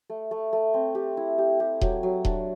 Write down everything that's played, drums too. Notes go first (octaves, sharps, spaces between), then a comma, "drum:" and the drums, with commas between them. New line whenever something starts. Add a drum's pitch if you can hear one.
A3
A3
A3
C4
G4
E4
G4
G4
F#3, drum: kick D#1
F#3
D4, drum: kick D#1